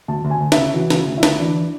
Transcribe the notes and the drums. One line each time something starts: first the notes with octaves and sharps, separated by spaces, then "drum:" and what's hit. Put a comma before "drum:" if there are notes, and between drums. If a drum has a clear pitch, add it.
D2 A5
D2
G#5
D2
E5, drum: snare
C#3
E3 F#4
C#3, drum: snare
E4
D2
E4
D2, drum: snare
E3 D4